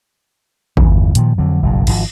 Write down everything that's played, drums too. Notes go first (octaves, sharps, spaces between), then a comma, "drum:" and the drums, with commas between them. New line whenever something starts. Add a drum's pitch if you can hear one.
G1 E2 E3, drum: kick G#1
A#2 D#3 F3, drum: hi-hat
F2 D3 F#3
F#1 B1 G2
G#1 G#2 C#3 F3, drum: cymbal